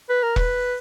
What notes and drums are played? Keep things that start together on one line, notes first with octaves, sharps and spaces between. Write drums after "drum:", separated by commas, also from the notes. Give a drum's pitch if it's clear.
B4
A#4
B4, drum: kick E1